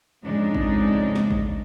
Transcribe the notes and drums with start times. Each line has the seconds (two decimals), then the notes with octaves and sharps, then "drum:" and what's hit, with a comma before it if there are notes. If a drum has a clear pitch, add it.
0.24 F2 G#2 C#3 G#3 D4 D#4
0.55 drum: kick A1
1.15 drum: snare
1.31 drum: kick A1